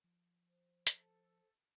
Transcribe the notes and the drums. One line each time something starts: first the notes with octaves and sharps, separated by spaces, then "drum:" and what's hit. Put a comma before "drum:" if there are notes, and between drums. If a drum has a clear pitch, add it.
F3
C5
A4, drum: hi-hat